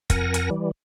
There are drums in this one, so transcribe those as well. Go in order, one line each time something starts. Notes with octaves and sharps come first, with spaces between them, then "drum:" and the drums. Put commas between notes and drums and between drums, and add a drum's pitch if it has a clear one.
F2 A#4 F#5 G#5 A#6, drum: kick, hi-hat
drum: hi-hat
E3 G3